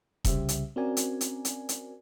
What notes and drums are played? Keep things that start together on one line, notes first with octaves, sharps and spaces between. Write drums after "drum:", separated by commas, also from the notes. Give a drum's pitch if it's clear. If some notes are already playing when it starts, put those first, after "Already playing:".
C2 C#3 G3 G4 C5 E5, drum: kick E1, hi-hat
drum: hi-hat
C4 C#4 F#4 A#4 D5 G#5
drum: hi-hat
drum: hi-hat
drum: hi-hat
drum: hi-hat